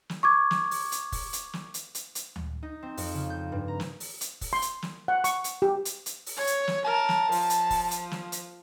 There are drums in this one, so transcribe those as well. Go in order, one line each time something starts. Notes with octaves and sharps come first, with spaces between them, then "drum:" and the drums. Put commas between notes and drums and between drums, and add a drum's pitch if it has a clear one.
drum: snare
C#6 D6 G#6
drum: snare
drum: open hi-hat
drum: hi-hat
drum: kick, open hi-hat
drum: hi-hat
drum: snare
drum: hi-hat
drum: hi-hat
drum: hi-hat
drum: tom D2
D#4
C4
F2, drum: open hi-hat
C#3
G6
G2
A#5
drum: snare
drum: open hi-hat
drum: hi-hat
drum: kick, open hi-hat
C6
drum: hi-hat
drum: snare
F#5
C#6, drum: hi-hat
drum: hi-hat
G4
drum: hi-hat
drum: hi-hat
drum: open hi-hat
C#5
drum: hi-hat
drum: snare
A#4 A5
drum: snare
F3, drum: open hi-hat
drum: hi-hat
drum: kick, open hi-hat
drum: hi-hat
drum: snare
drum: hi-hat